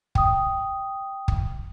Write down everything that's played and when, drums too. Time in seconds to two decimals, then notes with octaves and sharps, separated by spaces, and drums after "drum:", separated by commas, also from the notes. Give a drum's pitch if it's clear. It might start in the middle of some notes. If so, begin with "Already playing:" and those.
0.15 G5 D#6, drum: kick
1.28 drum: kick